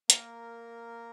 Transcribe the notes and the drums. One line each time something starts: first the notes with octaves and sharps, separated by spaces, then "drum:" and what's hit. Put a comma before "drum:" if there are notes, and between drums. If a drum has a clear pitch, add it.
A#3 A#4, drum: hi-hat